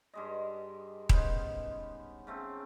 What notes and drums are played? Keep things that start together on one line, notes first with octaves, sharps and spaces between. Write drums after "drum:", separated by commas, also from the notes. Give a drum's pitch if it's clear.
G2 G#3 D#5
B3 C#4 D#4 C5, drum: kick D#1
C#3 A3 C4